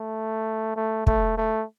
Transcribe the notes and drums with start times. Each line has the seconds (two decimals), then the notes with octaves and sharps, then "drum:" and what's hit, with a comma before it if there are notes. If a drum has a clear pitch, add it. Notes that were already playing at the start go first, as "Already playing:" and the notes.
Already playing: A3
0.76 A3
1.07 A3, drum: kick
1.38 A3